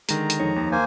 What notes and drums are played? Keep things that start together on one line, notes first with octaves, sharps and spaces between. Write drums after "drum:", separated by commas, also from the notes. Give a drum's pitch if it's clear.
D3 D#3 G#3 A#5, drum: hi-hat
drum: hi-hat
F2 D#4 C#5
D#2
A#3 C5 G#5